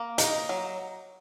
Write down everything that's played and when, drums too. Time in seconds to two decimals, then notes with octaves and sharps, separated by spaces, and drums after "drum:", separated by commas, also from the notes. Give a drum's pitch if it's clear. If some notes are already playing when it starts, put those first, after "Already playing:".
Already playing: A#3
0.18 D#4, drum: hi-hat
0.49 F#3